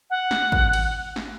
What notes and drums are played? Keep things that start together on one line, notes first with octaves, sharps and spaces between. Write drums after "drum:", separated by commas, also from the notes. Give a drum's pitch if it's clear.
F#5
drum: snare
drum: kick
drum: cymbal
drum: snare